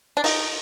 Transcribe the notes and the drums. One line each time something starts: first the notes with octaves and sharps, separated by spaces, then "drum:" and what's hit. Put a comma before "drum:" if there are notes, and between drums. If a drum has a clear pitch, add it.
D4
D#4, drum: open hi-hat